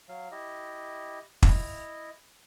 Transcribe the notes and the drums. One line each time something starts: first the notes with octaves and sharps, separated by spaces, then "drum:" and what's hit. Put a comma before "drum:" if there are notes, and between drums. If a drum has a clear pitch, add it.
F#3 F5
E4 G4 D#5
E4 D#5, drum: kick